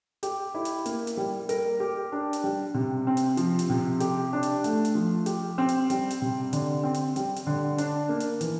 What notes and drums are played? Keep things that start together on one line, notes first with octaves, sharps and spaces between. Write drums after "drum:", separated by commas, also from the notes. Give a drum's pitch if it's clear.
G4, drum: hi-hat
E4
drum: hi-hat
A#3, drum: hi-hat
drum: hi-hat
G3
A#4, drum: hi-hat
G4
D4
drum: hi-hat
G3
C3
C4
drum: hi-hat
F3, drum: hi-hat
drum: hi-hat
C3
G4, drum: hi-hat
D4
drum: hi-hat
A3, drum: hi-hat
drum: hi-hat
F3
G4, drum: hi-hat
C4
drum: hi-hat
G3, drum: hi-hat
drum: hi-hat
C3
D3, drum: hi-hat
C4
drum: hi-hat
G3, drum: hi-hat
drum: hi-hat
D3
D4, drum: hi-hat
A#3
drum: hi-hat
E3, drum: hi-hat